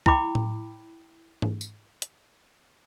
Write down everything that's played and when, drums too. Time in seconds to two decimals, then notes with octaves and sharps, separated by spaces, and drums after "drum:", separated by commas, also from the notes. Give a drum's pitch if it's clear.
0.06 E4 G5 B5 D6, drum: kick
0.35 drum: tom A2
1.42 drum: tom G#2
1.61 drum: tambourine
2.02 drum: hi-hat